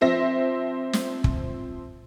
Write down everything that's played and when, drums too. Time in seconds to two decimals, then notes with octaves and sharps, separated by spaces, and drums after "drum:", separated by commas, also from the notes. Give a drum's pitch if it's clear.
0.01 F3 C4 E5 A#6
0.93 drum: snare
1.24 drum: kick